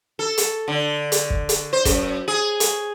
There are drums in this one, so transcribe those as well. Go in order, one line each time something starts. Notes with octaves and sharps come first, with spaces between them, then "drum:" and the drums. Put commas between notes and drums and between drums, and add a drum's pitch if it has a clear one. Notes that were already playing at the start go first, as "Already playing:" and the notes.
A4
drum: hi-hat
D3
drum: hi-hat
drum: kick
drum: hi-hat
C5
F#2, drum: kick, hi-hat
G#4
drum: hi-hat